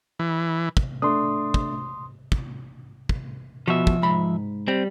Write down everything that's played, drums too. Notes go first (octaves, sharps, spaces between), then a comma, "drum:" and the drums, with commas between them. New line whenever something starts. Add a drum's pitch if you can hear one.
E3
drum: kick
A3 D4 C6 D#6
drum: kick
drum: kick
drum: kick
B2 F3 F#4 E5
drum: kick
G#2 B5
G3 C4